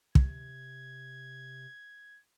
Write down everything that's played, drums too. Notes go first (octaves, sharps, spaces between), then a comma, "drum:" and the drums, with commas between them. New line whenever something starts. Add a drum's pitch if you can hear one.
C3 G#6, drum: kick